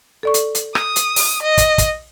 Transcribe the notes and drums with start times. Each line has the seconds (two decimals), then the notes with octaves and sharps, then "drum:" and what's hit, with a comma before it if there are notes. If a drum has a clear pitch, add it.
0.23 A4 D5 C#6
0.34 drum: hi-hat
0.55 drum: hi-hat
0.75 D#6, drum: rim click
0.96 drum: hi-hat
1.16 drum: open hi-hat
1.42 D#5
1.58 drum: kick, hi-hat
1.78 drum: kick, hi-hat